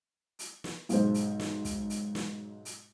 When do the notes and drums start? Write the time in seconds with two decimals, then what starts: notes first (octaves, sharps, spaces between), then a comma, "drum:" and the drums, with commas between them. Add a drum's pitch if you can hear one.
0.39 drum: hi-hat
0.64 drum: snare
0.89 B1 G#2 G#3 C5, drum: hi-hat
1.14 drum: hi-hat
1.40 drum: snare
1.65 drum: kick, hi-hat
1.90 drum: hi-hat
2.15 drum: snare
2.65 drum: hi-hat